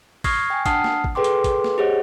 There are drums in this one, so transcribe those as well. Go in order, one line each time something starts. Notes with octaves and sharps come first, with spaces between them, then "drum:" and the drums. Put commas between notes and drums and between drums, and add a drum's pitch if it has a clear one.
C#6 D#6 F6 G#6 A#6 C7, drum: kick, open hi-hat
G5 G#5
D4 F#5 A5 D#6 F6 C7, drum: kick, hi-hat
drum: snare
drum: kick
G#4 A4 B4 G5 C6 D6
drum: hi-hat
drum: kick, hi-hat
drum: snare
G4 G#4 C5 C#5 D#5 F#5